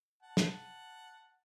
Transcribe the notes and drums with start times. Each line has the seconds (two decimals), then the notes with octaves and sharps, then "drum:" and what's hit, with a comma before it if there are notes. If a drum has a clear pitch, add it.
0.23 F#5 A5
0.37 drum: snare